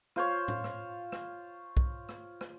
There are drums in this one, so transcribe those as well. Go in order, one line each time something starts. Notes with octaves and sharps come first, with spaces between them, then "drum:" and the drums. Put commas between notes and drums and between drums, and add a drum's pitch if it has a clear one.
F4 C5 C#5, drum: rim click
drum: tom A2
drum: rim click
drum: rim click
drum: kick B1
drum: rim click
drum: rim click